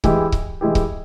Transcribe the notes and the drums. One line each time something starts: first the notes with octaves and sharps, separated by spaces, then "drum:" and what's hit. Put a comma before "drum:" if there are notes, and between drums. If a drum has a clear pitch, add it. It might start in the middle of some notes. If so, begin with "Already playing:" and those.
E3 G#3 E4 G4, drum: kick C#1
drum: kick C#1
E3 G#3 E4 G4
drum: kick C#1